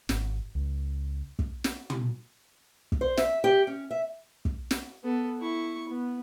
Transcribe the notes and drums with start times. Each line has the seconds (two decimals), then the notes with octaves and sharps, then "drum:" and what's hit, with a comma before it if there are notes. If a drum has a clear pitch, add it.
0.09 G#1, drum: snare
0.55 C#2
1.39 drum: kick
1.64 drum: snare
1.90 drum: tom
2.92 drum: kick
3.01 C5
3.17 E5, drum: snare
3.44 G4
3.67 C#4
3.91 E5
4.45 drum: kick
4.71 drum: snare
5.04 B3 A4
5.40 E4 C#6
5.89 B3